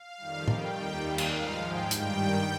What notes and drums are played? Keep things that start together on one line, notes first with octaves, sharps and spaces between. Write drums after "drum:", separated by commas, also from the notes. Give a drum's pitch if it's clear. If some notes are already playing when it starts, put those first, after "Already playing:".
Already playing: F5
F2 D#3 G3
G5, drum: tom A2
D#2 D#3 G3
F5
drum: cymbal
G#2 F3 G#3
G5
G2 D#3 G3, drum: hi-hat